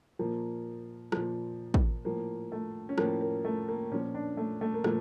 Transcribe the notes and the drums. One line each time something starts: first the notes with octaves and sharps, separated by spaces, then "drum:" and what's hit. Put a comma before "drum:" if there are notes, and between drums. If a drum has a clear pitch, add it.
A#2 F3 A#3
A#2 F3, drum: rim click
drum: kick
A2 F3 A#3
A3
C#4
A2 F3 A#3, drum: rim click
A#3
A3
A#3
A#2 F3 C#4
D4
A3
A3
A#3
A#2 F3 A3, drum: rim click